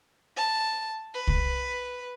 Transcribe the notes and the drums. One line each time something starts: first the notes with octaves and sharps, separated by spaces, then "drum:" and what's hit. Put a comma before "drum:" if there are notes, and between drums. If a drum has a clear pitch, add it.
A5
B4
drum: kick C2